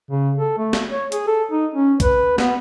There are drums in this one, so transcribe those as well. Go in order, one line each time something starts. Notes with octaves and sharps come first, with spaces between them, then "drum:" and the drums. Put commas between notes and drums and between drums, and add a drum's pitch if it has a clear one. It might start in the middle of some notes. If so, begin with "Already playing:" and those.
C#3
A4
A3
drum: snare
C#5
G#4, drum: hi-hat
A4
D#4
C#4
B4, drum: kick, hi-hat
B3, drum: snare